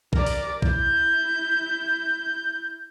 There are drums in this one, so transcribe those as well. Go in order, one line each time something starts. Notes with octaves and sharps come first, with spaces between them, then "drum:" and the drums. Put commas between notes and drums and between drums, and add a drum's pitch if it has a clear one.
A#4 D5, drum: kick
drum: open hi-hat
E4 G6, drum: kick